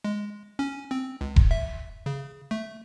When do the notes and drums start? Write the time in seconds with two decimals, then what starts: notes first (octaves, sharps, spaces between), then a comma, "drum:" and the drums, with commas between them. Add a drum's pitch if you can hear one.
0.04 G#3
0.59 C#4
0.91 C4
1.21 C#2
1.36 drum: kick E1
1.51 E5
2.06 C#3
2.51 A3